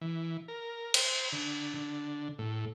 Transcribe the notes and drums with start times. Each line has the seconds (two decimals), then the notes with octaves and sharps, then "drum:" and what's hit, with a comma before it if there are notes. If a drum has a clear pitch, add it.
0.01 E3
0.48 A#4
0.94 C5, drum: cymbal
1.32 D3
1.75 D3
2.39 A2